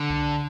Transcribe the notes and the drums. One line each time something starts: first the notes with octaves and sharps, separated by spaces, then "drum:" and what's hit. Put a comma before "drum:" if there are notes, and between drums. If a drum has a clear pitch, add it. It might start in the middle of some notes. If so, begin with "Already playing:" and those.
Already playing: D3
drum: kick C2